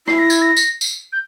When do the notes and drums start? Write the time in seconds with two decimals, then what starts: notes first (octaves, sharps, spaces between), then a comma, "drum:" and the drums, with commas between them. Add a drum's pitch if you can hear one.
0.07 E4 C7, drum: rim click
0.19 A#6
0.30 G#6, drum: tambourine
0.41 A#6
0.57 drum: tambourine
0.81 drum: tambourine
1.12 G6